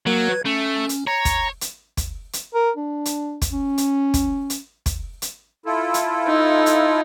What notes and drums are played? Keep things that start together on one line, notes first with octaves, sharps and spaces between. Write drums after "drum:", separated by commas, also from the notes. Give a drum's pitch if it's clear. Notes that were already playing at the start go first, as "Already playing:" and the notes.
F#3 A#3 A#4
B4 G#6
A3 C#4
drum: hi-hat
C#5 A#5 A#6
drum: kick, hi-hat
drum: hi-hat
drum: kick, hi-hat
drum: hi-hat
A#4
D4
drum: hi-hat
drum: kick, hi-hat
C#4
drum: hi-hat
drum: kick, hi-hat
drum: hi-hat
drum: kick, hi-hat
drum: hi-hat
E4 F4 A4
drum: hi-hat
D#4
drum: hi-hat